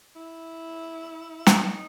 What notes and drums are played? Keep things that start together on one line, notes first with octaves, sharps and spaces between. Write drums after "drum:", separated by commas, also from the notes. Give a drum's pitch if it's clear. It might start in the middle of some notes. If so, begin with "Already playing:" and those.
E4
drum: snare
D#4